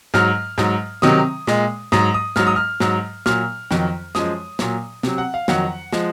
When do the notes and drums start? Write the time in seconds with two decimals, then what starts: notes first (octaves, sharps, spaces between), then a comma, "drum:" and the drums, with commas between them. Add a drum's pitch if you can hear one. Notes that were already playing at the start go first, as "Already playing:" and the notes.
0.14 G#2 F#3 F6, drum: snare
0.58 G#2 F#3, drum: snare
1.02 C3 D#3 F#3 D#6, drum: snare
1.47 A#2 G#3, drum: snare
1.92 G#2 F#3 D#6, drum: snare
2.14 D#6
2.36 G#2 F#3 F6, drum: snare
2.47 D#6
2.56 F6
2.80 G#2 F#3, drum: snare
3.26 A#2 F#3 F6, drum: snare
3.71 F2 D#3 F#3, drum: snare
4.15 F#2 F3 G#3 D#6, drum: snare
4.59 A#2 F#3, drum: snare
5.03 C3 F#3, drum: snare
5.18 F#5
5.34 F5
5.48 F2 D#3 F#3 F#5, drum: snare
5.92 F3 G#3, drum: snare